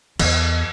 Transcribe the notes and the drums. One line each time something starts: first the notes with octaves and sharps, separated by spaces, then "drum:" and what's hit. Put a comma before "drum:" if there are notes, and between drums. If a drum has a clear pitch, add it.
E2, drum: cymbal